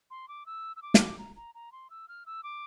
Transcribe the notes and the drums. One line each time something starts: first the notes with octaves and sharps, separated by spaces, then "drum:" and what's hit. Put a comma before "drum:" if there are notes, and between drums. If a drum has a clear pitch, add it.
C6
D6
E6
E6
D6
drum: snare
A#5
A#5
A#5
C6
E6
F6
E6
D6